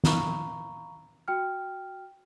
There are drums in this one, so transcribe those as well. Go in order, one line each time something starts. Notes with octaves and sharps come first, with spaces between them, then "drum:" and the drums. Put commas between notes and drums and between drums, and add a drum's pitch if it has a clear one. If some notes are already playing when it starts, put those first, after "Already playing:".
F5 A#5 B5 C#6, drum: snare
F#4 G5 F6